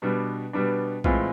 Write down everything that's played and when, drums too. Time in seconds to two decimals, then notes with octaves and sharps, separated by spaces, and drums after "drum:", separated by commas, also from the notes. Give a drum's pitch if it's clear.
0.02 B2 G3 B3 D4
0.53 B2 G3 B3 D4
1.04 A2 E3 G#3 C4 F4, drum: kick A#1